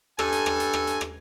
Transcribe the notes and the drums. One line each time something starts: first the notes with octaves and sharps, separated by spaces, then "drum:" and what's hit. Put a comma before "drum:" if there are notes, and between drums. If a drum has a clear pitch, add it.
G2 A4 G#5, drum: rim click
drum: hi-hat
drum: rim click
drum: hi-hat
drum: rim click
drum: hi-hat
drum: rim click